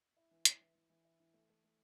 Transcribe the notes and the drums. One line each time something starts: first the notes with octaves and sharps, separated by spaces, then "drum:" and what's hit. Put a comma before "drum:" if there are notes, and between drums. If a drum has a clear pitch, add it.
E4
E3
E3, drum: hi-hat
E3
E3
E3
E4
E3
A3
A3
A3